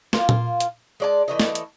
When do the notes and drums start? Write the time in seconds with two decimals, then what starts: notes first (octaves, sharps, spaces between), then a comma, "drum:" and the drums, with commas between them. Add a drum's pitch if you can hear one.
0.13 A#3 F4, drum: snare
0.29 drum: tom A#2
0.60 drum: hi-hat
1.00 G#3 D5 A5
1.28 E3 A3 D#5
1.40 drum: snare
1.55 drum: hi-hat